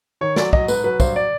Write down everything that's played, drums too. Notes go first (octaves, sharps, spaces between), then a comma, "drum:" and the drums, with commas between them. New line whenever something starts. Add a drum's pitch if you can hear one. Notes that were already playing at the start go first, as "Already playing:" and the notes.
D#3 C#5
F#3 D5, drum: snare
F#3 D#5, drum: kick
G#2 B4, drum: tambourine
F#3 B4
G2 C5, drum: kick, tambourine
D5